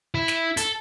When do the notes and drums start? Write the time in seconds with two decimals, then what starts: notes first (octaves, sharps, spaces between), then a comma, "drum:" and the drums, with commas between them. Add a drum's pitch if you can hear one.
0.15 E4
0.28 drum: snare
0.57 A4, drum: hi-hat